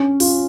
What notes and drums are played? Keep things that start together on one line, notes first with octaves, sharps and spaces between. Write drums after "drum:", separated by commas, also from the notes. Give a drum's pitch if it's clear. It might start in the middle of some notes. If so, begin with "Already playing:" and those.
Already playing: C#4
F4, drum: open hi-hat